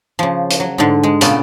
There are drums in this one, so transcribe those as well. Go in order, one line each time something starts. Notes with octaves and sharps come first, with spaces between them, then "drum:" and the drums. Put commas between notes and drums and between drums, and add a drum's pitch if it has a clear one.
C#3 F3
drum: hi-hat
F#3
G#2 D3
G#3
A#2 C#3 A3 B3 D5, drum: hi-hat